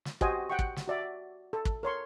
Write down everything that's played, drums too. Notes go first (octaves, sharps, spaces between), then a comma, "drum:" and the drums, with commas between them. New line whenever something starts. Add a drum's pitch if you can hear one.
drum: snare
F#4 G4 C5 D#5 G#5, drum: kick
F#5 G5 C#6
drum: kick
drum: snare
F#4 D5 E5
A4
drum: kick
A#4 C#5 C6 C#6